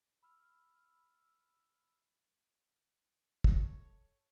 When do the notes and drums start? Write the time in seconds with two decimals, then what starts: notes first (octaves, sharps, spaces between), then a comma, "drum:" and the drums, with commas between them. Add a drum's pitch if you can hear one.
0.22 B5 E6 F6
3.44 A4 C#5, drum: kick